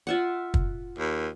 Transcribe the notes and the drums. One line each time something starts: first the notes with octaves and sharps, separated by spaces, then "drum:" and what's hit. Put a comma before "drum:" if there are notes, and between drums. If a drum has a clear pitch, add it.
F4 E5 F#5
drum: kick
D#2